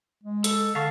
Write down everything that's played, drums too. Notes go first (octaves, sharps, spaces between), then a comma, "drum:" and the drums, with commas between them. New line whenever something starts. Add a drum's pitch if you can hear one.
G#3
A4, drum: hi-hat
D3 F5 A5 C#6